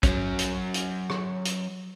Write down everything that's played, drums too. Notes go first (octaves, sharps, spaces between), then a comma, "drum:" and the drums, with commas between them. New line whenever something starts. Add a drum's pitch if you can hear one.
F#3 C#4, drum: kick, hi-hat
drum: hi-hat
drum: hi-hat
drum: rim click
drum: hi-hat